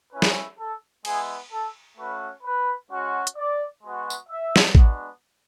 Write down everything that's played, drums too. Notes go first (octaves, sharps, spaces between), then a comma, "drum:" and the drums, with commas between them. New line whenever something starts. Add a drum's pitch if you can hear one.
A3 C#4 E4 B4
drum: snare
A4
G#3 B3 E4 G#4, drum: cymbal
A4
A3 C#4 F#4 B4
B4
G#3 C#4 F#4
drum: hi-hat
D5
G#3 B3 F#4
drum: tambourine
E5
drum: snare
G#3 B3 D4 F#4, drum: kick A1